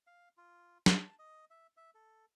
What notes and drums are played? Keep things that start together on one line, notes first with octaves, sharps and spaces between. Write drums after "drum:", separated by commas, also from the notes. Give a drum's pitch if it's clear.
F5
F4
A5, drum: snare
D#5
E5
E5
A4